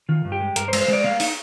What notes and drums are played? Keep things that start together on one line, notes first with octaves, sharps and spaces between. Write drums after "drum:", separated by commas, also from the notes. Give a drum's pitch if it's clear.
D#3 F4
G2
G4
G#3
G2 A#4, drum: hi-hat
C5
G#3, drum: cymbal
C5
G#3 D5
A#3 F5
D#4, drum: open hi-hat